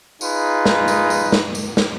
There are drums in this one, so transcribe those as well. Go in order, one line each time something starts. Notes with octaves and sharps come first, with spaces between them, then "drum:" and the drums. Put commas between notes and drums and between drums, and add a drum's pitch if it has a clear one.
D#4 F4 G#4 B4, drum: tambourine
drum: snare
drum: tambourine
drum: tambourine
drum: snare
drum: tambourine
drum: snare